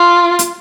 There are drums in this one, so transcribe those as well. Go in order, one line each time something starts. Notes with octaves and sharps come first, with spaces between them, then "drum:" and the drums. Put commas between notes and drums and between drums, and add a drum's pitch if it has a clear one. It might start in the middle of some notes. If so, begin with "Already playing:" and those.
Already playing: F4
drum: hi-hat